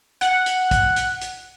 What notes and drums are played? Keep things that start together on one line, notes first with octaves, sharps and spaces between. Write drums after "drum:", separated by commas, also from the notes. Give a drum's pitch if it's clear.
F#5, drum: hi-hat
drum: hi-hat
drum: kick, hi-hat
drum: hi-hat
drum: hi-hat